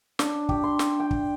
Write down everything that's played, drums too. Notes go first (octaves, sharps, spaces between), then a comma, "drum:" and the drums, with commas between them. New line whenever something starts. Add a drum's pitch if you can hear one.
D4, drum: snare
G4, drum: kick
C6
drum: snare
G5
drum: kick